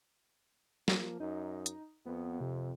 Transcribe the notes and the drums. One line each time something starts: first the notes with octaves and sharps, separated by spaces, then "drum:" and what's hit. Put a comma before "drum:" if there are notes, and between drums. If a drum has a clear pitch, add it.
F3 A#3, drum: snare
F#2 D#4
drum: hi-hat
F2 B3
C3